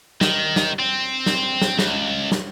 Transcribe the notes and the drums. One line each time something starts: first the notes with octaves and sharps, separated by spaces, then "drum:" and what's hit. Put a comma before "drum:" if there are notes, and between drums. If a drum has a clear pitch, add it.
D#3, drum: snare
drum: snare
C4
drum: snare
drum: snare
C#2, drum: snare
drum: snare